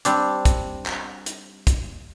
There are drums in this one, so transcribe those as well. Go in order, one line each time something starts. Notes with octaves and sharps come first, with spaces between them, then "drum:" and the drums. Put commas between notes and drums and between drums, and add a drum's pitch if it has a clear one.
G3 C4 D4, drum: hi-hat
drum: kick, hi-hat
drum: clap
drum: hi-hat
drum: kick, hi-hat